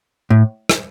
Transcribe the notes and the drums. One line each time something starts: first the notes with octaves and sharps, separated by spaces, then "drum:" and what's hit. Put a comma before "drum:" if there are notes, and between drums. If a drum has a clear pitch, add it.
A2
drum: rim click